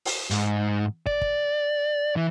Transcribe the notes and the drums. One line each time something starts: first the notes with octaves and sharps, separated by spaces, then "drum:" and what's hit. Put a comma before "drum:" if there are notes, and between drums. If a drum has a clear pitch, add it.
drum: open hi-hat
G#2, drum: hi-hat
D5, drum: kick
drum: kick
E3